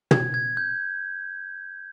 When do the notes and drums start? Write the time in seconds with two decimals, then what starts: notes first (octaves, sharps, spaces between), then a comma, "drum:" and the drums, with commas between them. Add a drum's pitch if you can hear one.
0.11 G#6, drum: tom
0.34 G#6
0.57 G6